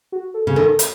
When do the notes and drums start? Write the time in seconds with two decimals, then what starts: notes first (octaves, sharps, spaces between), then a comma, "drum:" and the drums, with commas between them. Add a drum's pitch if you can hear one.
0.12 F#4
0.34 A4
0.47 C#3
0.56 D#3 A4
0.79 drum: hi-hat